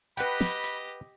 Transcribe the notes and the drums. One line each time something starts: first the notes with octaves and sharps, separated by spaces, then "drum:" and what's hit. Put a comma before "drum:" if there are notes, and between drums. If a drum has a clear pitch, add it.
G4 B4 D#5 F#5 G5 B5, drum: hi-hat
drum: snare
drum: hi-hat